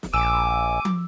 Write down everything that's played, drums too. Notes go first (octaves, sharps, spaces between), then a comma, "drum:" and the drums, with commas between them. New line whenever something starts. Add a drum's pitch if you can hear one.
drum: snare
A#1 G#5 D6 E6
drum: tom